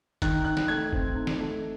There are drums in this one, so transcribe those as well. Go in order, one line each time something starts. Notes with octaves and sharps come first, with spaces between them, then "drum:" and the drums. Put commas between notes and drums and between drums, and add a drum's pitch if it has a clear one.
D#3 F#6, drum: kick, hi-hat
D#4 F#6
drum: snare
A3 G#6
C4, drum: kick
D#4
drum: snare
A3